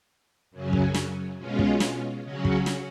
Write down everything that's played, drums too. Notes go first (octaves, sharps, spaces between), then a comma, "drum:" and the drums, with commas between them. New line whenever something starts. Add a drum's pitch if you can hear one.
F#2 C#3 F#3 C#4
drum: kick
drum: snare
B2 G#3 C#4 F4
drum: kick
drum: snare
C#3 F#3 C#4 F#4
drum: kick
drum: snare